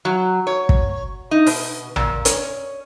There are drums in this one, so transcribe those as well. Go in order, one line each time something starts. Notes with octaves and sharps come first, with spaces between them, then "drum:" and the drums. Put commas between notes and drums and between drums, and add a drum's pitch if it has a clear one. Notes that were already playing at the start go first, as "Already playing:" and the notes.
F#3
C#5
drum: kick
D#4
B2, drum: open hi-hat
A#2, drum: tom
C#4, drum: hi-hat